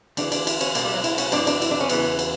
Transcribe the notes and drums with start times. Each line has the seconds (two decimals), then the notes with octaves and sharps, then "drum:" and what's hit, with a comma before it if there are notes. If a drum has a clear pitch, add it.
0.17 D2 C#3 E3 D4, drum: cymbal
0.32 D4, drum: cymbal
0.47 E4, drum: cymbal
0.61 C#4, drum: cymbal
0.75 C#2 B2 A#3, drum: cymbal
0.85 G3
0.94 F#3
1.04 E4, drum: cymbal
1.18 C#4, drum: cymbal
1.32 F#2 E3 D4, drum: cymbal
1.47 D4, drum: cymbal
1.62 E4, drum: cymbal
1.71 D4
1.81 C#4
1.89 E2 C#3 E3 B3, drum: cymbal
2.19 drum: cymbal